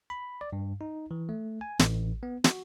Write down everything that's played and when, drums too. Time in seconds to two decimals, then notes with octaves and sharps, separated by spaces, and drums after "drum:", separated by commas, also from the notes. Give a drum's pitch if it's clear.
0.10 B5
0.41 D5
0.53 G2
0.81 D#4
1.11 E3
1.29 A3
1.61 G#5
1.79 A1, drum: snare
2.23 B3
2.44 F#4, drum: snare